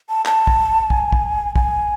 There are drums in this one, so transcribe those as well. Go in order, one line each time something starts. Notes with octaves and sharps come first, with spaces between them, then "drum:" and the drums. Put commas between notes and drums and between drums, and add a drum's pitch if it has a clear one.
A5
A5, drum: clap
drum: kick
G#5, drum: kick
drum: kick
G#5, drum: kick